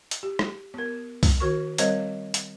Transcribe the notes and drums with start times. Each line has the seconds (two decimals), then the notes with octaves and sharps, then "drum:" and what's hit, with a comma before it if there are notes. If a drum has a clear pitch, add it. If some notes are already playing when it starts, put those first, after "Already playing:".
0.11 drum: hi-hat
0.23 G4
0.39 drum: rim click
0.74 B3 A#4
1.23 drum: kick C2, open hi-hat
1.40 D#3 F#4 A#4 C#6
1.78 G3 C4 A#4 C5 C#5 D#5, drum: hi-hat
2.34 drum: hi-hat